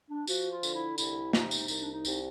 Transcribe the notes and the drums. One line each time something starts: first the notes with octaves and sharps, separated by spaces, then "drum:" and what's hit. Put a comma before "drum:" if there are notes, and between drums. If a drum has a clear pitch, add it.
D4
F3 F#4, drum: tambourine
F4
D3, drum: tambourine
E4
C2 E4, drum: tambourine
C3 D#4, drum: snare
drum: tambourine
C2 D#4, drum: tambourine
D4
D#4
C2, drum: tambourine